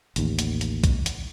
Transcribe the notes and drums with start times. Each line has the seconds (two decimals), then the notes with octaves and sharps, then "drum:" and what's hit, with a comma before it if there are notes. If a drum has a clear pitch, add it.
0.16 A1 D#2, drum: hi-hat
0.39 drum: hi-hat
0.61 drum: hi-hat
0.84 drum: kick, hi-hat
1.06 drum: hi-hat